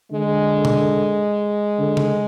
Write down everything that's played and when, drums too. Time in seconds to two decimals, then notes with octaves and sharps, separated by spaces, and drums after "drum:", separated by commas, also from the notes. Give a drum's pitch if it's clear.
0.12 D3 G#3
0.65 drum: tom B2
1.78 D3
1.97 drum: tom C#3